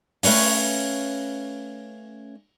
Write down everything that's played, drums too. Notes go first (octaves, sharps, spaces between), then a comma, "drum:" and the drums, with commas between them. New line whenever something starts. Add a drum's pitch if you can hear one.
A3 C#4 B4 C#5 F5, drum: open hi-hat